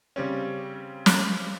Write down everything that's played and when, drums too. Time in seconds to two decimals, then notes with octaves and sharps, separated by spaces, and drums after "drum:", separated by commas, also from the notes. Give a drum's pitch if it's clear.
0.16 C#3 G3 C4 C#4
1.06 drum: snare